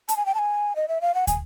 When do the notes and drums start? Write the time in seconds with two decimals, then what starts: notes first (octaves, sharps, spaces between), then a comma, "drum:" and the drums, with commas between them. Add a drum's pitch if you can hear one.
0.09 A5, drum: hi-hat
0.17 G#5
0.26 G5
0.35 A5
0.39 G#5
0.76 D#5
0.88 E5
1.01 F5
1.15 F#5
1.27 G#5, drum: kick, hi-hat